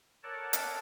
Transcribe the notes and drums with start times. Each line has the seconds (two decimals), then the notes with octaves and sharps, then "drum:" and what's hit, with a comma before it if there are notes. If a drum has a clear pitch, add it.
0.23 A4 A#4 C#5 D5 F#5 A5
0.53 drum: hi-hat